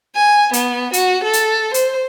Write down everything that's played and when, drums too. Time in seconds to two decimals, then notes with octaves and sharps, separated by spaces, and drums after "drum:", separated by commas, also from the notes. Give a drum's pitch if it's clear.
0.15 G#5
0.53 B3, drum: hi-hat
0.93 F#4, drum: hi-hat
1.24 A4
1.33 drum: hi-hat
1.74 C5, drum: hi-hat